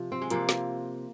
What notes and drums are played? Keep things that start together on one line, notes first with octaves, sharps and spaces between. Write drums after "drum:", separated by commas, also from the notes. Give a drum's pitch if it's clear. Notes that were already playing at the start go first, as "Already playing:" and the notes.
Already playing: C3 F3
C4
G#3
C3 F3 A#3, drum: hi-hat
drum: snare